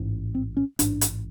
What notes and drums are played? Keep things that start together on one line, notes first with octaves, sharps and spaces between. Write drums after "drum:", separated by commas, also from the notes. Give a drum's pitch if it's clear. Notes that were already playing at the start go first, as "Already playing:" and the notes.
Already playing: A1 G#2
C4
C#4
A1 G#2 D4, drum: hi-hat
drum: hi-hat